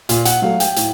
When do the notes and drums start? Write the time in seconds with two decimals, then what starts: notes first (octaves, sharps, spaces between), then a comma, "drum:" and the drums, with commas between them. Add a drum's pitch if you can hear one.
0.09 A#2 F5, drum: hi-hat
0.25 F#5, drum: hi-hat
0.42 F#3 A3 F5
0.60 G5, drum: hi-hat
0.76 A2, drum: hi-hat